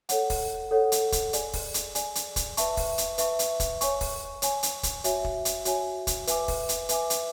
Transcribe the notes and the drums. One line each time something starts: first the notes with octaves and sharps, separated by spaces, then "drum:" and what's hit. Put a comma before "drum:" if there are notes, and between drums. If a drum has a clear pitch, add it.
A4 C#5 F#5, drum: hi-hat
drum: kick, open hi-hat
A4 C#5 F#5
drum: hi-hat
drum: kick, hi-hat
G#4 D5 G#5, drum: hi-hat
drum: kick, open hi-hat
drum: hi-hat
G#4 D5 G#5, drum: hi-hat
drum: hi-hat
drum: kick, hi-hat
B4 E5 A5 C#6, drum: hi-hat
drum: kick, open hi-hat
drum: hi-hat
B4 E5 A5 C#6, drum: hi-hat
drum: hi-hat
drum: kick, hi-hat
C#5 G#5 C#6, drum: hi-hat
drum: kick, open hi-hat
C#5 G#5 C#6, drum: hi-hat
drum: hi-hat
drum: kick, hi-hat
F#4 C#5 E5 G#5, drum: hi-hat
drum: kick
drum: hi-hat
F#4 C#5 E5 G#5, drum: hi-hat
drum: kick, hi-hat
B4 E5 G#5 D6, drum: hi-hat
drum: kick, open hi-hat
drum: hi-hat
B4 E5 G#5 D6, drum: hi-hat
drum: hi-hat